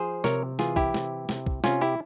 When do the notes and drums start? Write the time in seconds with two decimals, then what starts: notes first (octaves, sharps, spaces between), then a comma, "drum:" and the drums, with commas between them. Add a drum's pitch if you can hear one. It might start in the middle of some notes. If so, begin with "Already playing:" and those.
Already playing: F3 G#4 C5
0.24 C3 A#4 C#5, drum: snare
0.59 E3 F4 G#4, drum: snare
0.76 E4 G4, drum: kick
0.94 C3, drum: snare
1.29 C3, drum: snare
1.46 drum: kick
1.64 C3 C#4 F4, drum: snare
1.81 E4 G4